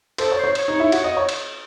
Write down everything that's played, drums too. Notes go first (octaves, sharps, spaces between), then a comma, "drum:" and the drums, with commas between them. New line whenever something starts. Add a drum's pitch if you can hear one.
A4 C5, drum: cymbal
C#5
C5
C#5
C#5, drum: cymbal
D#4
E4
F#4, drum: cymbal
D#5
C#5
drum: cymbal